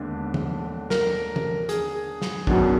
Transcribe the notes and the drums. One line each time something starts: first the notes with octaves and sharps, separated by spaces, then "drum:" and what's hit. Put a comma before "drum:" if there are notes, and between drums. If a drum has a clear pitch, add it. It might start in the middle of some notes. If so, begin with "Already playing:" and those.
Already playing: D#2 D3 G#3 B3 D4
drum: tom
A#4, drum: snare
drum: tom
G#4, drum: hi-hat
drum: snare
F#2 D#3 F#3 B3 D4, drum: kick